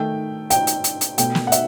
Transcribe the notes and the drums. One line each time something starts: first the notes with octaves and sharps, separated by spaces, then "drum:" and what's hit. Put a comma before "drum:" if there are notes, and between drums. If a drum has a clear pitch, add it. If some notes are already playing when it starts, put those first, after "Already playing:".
Already playing: D#3 A3 G5
G5, drum: hi-hat
drum: hi-hat
drum: hi-hat
drum: hi-hat
B2 A3 G5, drum: hi-hat
drum: snare
F#5
E5, drum: hi-hat